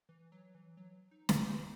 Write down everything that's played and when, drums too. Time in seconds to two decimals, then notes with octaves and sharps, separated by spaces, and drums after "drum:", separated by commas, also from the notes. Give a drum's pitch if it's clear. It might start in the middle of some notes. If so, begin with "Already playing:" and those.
0.09 E3
0.32 F#3
0.55 E3
0.77 F#3
1.11 D#4
1.29 C#4, drum: snare
1.45 D#4